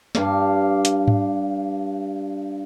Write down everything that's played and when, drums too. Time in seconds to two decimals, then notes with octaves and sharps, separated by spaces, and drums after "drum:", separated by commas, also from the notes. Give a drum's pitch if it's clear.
0.15 G2 F5, drum: snare
0.85 drum: hi-hat
1.08 drum: tom G#2